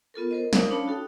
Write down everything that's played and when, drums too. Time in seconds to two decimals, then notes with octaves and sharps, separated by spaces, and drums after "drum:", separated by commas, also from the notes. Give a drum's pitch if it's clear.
0.14 B3 F4 A4 A#4
0.31 A#4 C5 D#5
0.53 D#4 A#4 C5 F5, drum: snare
0.71 C#4 D4 C#5 F5 A5 B5
0.86 D#4 F#4 A4 G5